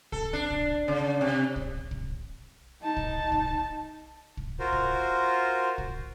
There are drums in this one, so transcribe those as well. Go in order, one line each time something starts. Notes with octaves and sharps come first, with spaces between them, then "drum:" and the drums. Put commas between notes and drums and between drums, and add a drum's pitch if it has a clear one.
A4, drum: kick
D4
drum: kick
C#3
C3
drum: kick
drum: kick
D#4 A5
drum: kick
drum: kick
drum: kick
F4 F#4 A#4 C5
drum: kick
drum: kick